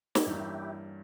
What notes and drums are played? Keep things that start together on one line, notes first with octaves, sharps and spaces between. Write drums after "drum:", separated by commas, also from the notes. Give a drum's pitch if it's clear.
G#4, drum: snare
G2 E3 A#3 C#4 E4 G4